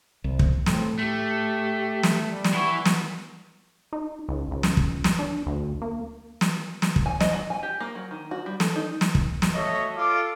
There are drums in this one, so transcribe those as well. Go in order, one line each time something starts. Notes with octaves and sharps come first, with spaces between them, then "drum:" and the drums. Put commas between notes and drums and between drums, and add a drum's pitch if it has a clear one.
C2
drum: kick
A2 C4, drum: snare
A3 G4
drum: snare
G3
drum: snare
E3 E4 F#5 C#6
drum: snare
D#4
C#2
C#2
drum: snare
drum: kick
drum: snare
D4
D2
A#3
drum: snare
drum: snare
drum: kick
G#5
D#5, drum: snare
F#3
G#5
G4
A#3
F#3
D#3
F#4
G3
A4, drum: snare
D#4
drum: snare
drum: kick
drum: snare
A3 F#4 C#5 D#5
F4 A4 D6